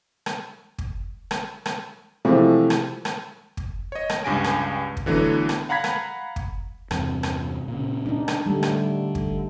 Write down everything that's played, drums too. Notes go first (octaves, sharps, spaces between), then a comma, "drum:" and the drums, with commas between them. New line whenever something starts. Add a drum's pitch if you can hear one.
drum: rim click
drum: kick
drum: rim click
drum: rim click
C3 E3 F3 G#3 A3
drum: rim click
drum: rim click
drum: kick
C#5 D#5
drum: rim click
C#2 G2 G4 G#5 A#6 D7
drum: rim click
drum: kick
D3 E3 F#3 A3 B3 D4
drum: rim click
F5 F#5 A#5 B5 G#6 B6
drum: rim click
drum: kick
E2 G2 C3, drum: rim click
drum: rim click
A#2 C#3
D4 D#4
drum: rim click
D3 G3 A3
drum: rim click
drum: kick